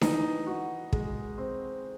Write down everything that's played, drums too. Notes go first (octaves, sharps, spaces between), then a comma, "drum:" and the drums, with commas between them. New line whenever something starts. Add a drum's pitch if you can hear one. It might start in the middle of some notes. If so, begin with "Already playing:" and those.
E3 D#4, drum: snare D4
F#4
G#3, drum: kick
C4